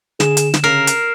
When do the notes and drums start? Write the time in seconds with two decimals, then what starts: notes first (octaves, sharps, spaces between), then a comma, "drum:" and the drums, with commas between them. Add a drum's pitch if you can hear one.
0.20 D3 G#4 E7, drum: snare
0.37 drum: hi-hat
0.54 drum: snare
0.64 C#3 A#4 F6 C7
0.87 drum: hi-hat